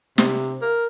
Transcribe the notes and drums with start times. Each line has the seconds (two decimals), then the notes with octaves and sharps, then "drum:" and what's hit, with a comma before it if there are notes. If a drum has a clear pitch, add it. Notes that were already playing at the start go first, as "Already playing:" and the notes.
0.18 C3, drum: snare
0.62 A#4